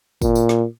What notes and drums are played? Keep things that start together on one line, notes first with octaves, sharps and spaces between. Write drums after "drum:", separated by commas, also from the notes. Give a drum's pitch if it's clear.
A#2, drum: kick G1, tambourine
drum: tambourine
drum: snare